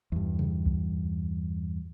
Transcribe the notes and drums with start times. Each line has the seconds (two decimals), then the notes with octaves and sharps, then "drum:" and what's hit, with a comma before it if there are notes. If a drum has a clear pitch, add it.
0.12 E2 G2
0.39 drum: tom C3
0.66 drum: kick C#2